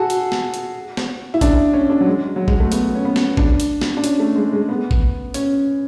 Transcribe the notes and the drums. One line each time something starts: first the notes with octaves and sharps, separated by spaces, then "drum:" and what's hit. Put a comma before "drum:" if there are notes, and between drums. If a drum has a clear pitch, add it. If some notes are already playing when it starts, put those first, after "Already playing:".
Already playing: F#4 G#4 A4
drum: hi-hat
drum: snare
drum: hi-hat
drum: snare
E4
D4, drum: kick A1, hi-hat
C#4
D4
F#3
G#3
F#3
G#3, drum: kick A1
A3
B3, drum: hi-hat
C#4
B3
drum: snare
D4, drum: kick A1
drum: hi-hat
drum: snare
D4
C#4, drum: hi-hat
A3
G#3
G#3
B3
drum: kick A1
C#4, drum: hi-hat